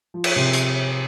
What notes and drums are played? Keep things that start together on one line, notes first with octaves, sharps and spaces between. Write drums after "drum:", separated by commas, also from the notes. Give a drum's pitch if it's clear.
F3
drum: cymbal
C3
drum: hi-hat